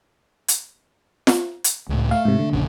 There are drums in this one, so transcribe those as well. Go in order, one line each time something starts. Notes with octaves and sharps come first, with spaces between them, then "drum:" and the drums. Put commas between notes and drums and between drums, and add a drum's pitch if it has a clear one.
drum: hi-hat
drum: snare F4
drum: hi-hat
C#2 A2
A3 F5
G#2 C3
D3
A#1 F2 C#3